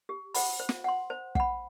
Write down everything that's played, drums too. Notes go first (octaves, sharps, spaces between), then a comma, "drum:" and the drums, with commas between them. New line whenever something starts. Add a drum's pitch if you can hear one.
G4
C5 F#5 B5, drum: open hi-hat
C5
drum: snare
F#5 C6
C5
F#5 B5, drum: kick